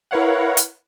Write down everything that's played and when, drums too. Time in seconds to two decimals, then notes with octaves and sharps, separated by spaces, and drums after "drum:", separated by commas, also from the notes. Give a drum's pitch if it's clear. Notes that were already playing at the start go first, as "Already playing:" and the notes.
0.11 E4 A#4 B4 C#5 F5 F#5
0.57 drum: hi-hat